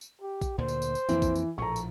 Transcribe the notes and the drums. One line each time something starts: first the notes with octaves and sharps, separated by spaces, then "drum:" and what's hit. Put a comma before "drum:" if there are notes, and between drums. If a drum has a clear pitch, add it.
drum: tambourine
G4
drum: kick A#1, tambourine
D2 A#2 D3 C5
drum: tambourine
drum: tambourine
drum: tambourine
F2 E3 A#3 C4, drum: tambourine
drum: kick A#1, tambourine
drum: tambourine
A#1 A2 F3 A4 A#5 C#6
drum: tambourine